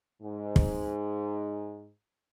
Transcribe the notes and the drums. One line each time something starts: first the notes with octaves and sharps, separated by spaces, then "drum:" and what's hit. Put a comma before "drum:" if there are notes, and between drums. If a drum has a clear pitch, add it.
G#2
drum: kick